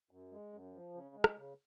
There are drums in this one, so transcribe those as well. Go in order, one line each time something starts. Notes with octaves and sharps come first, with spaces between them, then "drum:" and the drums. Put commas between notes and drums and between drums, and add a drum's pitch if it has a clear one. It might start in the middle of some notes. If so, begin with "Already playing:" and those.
F#2
G#3
F#2
F3
C#3
G#3
drum: rim click
C#3